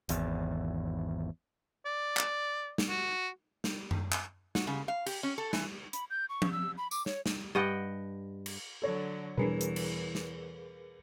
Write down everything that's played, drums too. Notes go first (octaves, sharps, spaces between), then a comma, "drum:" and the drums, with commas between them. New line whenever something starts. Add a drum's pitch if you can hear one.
G#1 E2, drum: hi-hat
D5
drum: clap
drum: snare
F#4
drum: snare
drum: tom F#2
drum: clap
F#4, drum: snare
C#3
F5
G4, drum: cymbal
C#4
A4
E3, drum: snare
B5, drum: hi-hat
G6
C#6
drum: tom F3
E6
B5
D6, drum: tambourine
C#5, drum: snare
drum: snare
G2 D#5 F#5 G5
drum: cymbal
D3 F#3 A4 C#5
E2 B2 E3 G3 D4 G#4 A#4 B4
drum: hi-hat
drum: cymbal
drum: snare